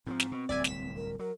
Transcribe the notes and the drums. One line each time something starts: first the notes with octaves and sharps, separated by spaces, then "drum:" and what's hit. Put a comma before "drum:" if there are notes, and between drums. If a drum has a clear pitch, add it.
G#2 E3 F3 C4
drum: snare
B2
D1 C2 D5 E5 G#5
B6 E7, drum: snare
A#4
F#3 A#4